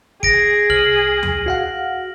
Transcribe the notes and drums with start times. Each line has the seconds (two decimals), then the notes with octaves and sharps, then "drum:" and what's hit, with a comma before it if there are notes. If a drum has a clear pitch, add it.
0.23 G#4 A#6 D7, drum: kick
0.70 C2 F6 F#7
1.23 drum: tom
1.46 F#4 F5 F#5